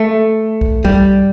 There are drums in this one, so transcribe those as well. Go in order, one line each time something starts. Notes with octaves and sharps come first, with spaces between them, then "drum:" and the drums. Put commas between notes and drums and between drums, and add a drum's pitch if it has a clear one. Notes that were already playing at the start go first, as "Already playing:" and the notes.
Already playing: A3
drum: kick C2
G3, drum: kick C2